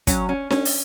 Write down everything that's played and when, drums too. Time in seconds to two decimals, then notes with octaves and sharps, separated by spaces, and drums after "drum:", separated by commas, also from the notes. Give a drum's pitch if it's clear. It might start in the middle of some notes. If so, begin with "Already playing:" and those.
0.07 F#3 C#4, drum: kick, hi-hat
0.29 C#4
0.50 C#4, drum: snare D4
0.65 drum: open hi-hat